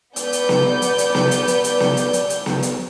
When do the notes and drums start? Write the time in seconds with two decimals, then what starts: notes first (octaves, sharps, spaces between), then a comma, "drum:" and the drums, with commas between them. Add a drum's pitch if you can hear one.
0.16 B3 B4 D5 G6, drum: hi-hat
0.32 drum: hi-hat
0.49 drum: snare B3
0.82 drum: hi-hat
0.98 drum: hi-hat
1.15 drum: snare B3
1.31 drum: hi-hat
1.47 drum: hi-hat
1.64 drum: hi-hat
1.80 drum: snare B3
1.97 drum: hi-hat
2.13 drum: hi-hat
2.30 drum: hi-hat
2.46 drum: snare B3
2.63 drum: hi-hat